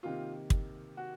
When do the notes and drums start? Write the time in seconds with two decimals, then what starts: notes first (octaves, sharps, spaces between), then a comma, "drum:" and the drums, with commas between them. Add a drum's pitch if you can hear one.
0.03 C3 D#3 A#3 F4
0.50 drum: kick
0.97 F#4